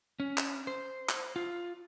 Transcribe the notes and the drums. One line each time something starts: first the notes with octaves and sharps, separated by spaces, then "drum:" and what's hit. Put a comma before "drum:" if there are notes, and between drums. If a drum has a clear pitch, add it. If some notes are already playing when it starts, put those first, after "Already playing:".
C#4
drum: clap
C5
drum: clap
F4